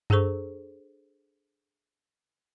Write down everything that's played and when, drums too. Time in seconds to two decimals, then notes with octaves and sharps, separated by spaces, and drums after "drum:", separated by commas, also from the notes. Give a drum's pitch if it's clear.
0.10 D4 G#4 A4 C5 C#6, drum: tom F#2